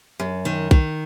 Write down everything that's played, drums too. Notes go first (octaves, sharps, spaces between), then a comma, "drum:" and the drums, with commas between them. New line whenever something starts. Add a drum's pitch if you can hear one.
F#2
D#3
D#3, drum: kick B1